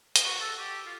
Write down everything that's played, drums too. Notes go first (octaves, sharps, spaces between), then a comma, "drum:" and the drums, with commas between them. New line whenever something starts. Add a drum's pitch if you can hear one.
drum: hi-hat
F#4
A4
G4
F4